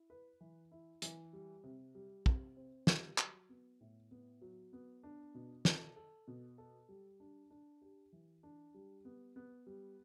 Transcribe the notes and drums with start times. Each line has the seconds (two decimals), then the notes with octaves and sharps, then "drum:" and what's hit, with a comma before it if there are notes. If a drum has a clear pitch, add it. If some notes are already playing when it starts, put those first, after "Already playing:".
Already playing: E4
0.10 B4
0.40 E3
0.72 E4
1.02 E3, drum: hi-hat
1.33 G3
1.64 C3
1.95 G3
2.26 C3, drum: kick
2.57 C4
2.87 G3, drum: snare
3.18 F#3, drum: clap
3.49 B3
3.80 A2
4.11 B3
4.42 F#3
4.73 B3
5.03 D4
5.35 B2
5.65 A4, drum: snare
5.96 A4
6.28 B2
6.58 A4
6.89 G3
7.20 D4
7.50 D4
7.82 G4
8.12 E3
8.43 D4
8.74 G3
9.05 B3
9.36 B3
9.67 G3